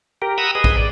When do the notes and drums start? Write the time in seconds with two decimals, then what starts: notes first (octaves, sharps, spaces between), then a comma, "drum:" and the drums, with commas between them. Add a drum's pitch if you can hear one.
0.22 G4 A#4
0.38 F#5 A#5 B5 D#6 E6
0.55 G#4 B4 D#5
0.64 drum: kick A#1
0.77 D5